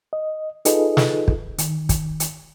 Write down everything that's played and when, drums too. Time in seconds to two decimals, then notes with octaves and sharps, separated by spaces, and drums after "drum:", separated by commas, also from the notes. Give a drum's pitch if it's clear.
0.13 D#5
0.65 D#4 F4 G#4 A4 B4 D#5, drum: hi-hat
0.97 drum: snare
1.28 drum: kick
1.58 D#3, drum: hi-hat
1.89 drum: kick, hi-hat
2.20 drum: hi-hat